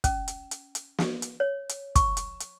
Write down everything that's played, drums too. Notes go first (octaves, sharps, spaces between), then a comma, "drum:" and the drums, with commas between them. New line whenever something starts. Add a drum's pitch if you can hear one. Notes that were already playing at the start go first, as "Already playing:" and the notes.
C#4, drum: kick, hi-hat
drum: hi-hat
drum: hi-hat
drum: hi-hat
drum: snare
drum: hi-hat
C#5
drum: hi-hat
C#6, drum: kick, hi-hat
drum: hi-hat
drum: hi-hat